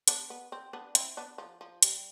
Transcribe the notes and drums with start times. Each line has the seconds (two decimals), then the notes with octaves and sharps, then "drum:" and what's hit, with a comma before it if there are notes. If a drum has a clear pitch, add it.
0.08 B3 D4, drum: hi-hat
0.30 B3
0.52 C4
0.73 B3 D4
0.95 C4 E4, drum: hi-hat
1.17 B3 D4
1.38 F3
1.61 F3
1.83 G3, drum: hi-hat